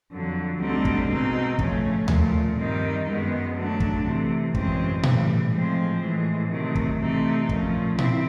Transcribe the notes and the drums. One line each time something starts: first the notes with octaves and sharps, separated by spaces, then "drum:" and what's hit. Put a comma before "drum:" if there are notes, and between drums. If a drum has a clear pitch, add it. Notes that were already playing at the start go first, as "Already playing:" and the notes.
F2 D3 F#3
D2 D3 G3 C4 D#4
drum: kick
B2 G#3 C4 D#4
C#3 F3 A3 C#4, drum: kick
A#2 F3 A3, drum: tom D2
G2 D#3 G3 C4 D#4
F#2 D#3 G#3 B3
D3 F#3 A3 D4
drum: kick
C3 E3 A3
F#2 C#3 E3 G#3 C4, drum: kick
A2 E3 G3, drum: tom A#2
A2 F3 G#3 C4
A2 E3 G#3
C3 D#3 F#3 A3
drum: kick
C3 E3 A3 C4 D#4
A#2 F3 A3 C#4, drum: kick
C4 E4, drum: tom A#2